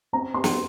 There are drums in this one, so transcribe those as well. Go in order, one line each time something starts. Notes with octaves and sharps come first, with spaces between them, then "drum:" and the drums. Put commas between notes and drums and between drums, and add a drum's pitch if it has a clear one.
C4 A#5
C4 C6
drum: snare